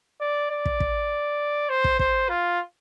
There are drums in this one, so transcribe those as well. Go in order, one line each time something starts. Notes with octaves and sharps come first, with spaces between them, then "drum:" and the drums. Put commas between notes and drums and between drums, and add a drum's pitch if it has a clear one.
D5
D5
drum: kick
drum: kick
C5
drum: kick
C5, drum: kick
F4